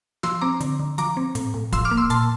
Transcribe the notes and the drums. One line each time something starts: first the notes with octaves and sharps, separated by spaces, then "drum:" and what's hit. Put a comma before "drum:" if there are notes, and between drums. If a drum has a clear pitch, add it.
F3 C6 E6, drum: snare
C4 A#5 D6
D3, drum: hi-hat
D3
F3 A#5 D6, drum: hi-hat
C4
A2, drum: hi-hat
A2
F3 C6 E6, drum: kick, hi-hat
D6 F6
A#3
C6 E6
A#2 A5 C6, drum: hi-hat